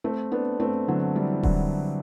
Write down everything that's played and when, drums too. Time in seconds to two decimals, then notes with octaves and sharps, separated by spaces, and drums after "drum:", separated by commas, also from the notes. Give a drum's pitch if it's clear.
0.04 A3 C4
0.32 B3 D4
0.60 A3 C4
0.88 D3 F#3
1.16 E3 G3
1.43 D3 F#3, drum: kick D#1